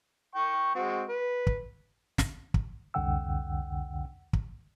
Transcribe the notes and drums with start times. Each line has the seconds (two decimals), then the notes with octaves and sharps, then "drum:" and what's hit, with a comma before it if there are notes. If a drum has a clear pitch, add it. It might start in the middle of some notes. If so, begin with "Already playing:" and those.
0.35 G5 C#6
0.75 G#3 C4 F#4
1.08 B4
1.47 drum: kick
2.18 drum: snare
2.54 drum: kick
2.94 C2 F2 D3 F#5 G5 E6
4.33 drum: kick